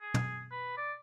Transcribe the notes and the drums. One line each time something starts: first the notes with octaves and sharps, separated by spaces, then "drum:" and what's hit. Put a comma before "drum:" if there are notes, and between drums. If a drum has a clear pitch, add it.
G#4
drum: tom
B4
D5